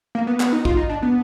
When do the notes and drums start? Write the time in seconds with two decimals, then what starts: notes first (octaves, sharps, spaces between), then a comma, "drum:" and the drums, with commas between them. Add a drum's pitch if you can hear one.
0.15 A#3
0.27 B3
0.40 B3, drum: clap
0.52 D#4
0.65 F4, drum: kick A1
0.77 D#4
0.89 D4
1.03 B3